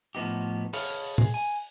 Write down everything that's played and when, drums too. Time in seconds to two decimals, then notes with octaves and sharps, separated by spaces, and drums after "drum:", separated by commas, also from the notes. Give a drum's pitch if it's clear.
0.15 A2 F3 B3 D#4 G4
0.73 G#4 A4 B4 C#5 F5, drum: open hi-hat
1.18 G#4, drum: tom
1.34 G#5